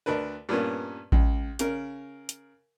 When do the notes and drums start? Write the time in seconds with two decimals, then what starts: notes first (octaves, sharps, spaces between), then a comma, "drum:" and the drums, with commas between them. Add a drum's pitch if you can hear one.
0.06 D2 D4 A#4 B4
0.49 G2 A#2 A#3 B3 C#4
1.12 C#2, drum: kick A1
1.59 C#3 A#4, drum: hi-hat
2.29 drum: hi-hat